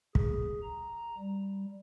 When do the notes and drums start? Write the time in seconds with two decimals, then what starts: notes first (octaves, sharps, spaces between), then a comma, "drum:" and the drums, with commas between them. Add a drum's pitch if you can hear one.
0.15 G#4, drum: kick
0.62 A#5
1.17 G3